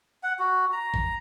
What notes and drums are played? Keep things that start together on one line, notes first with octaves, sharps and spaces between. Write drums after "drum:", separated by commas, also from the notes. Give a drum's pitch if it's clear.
F#5
F#4
A#5
drum: kick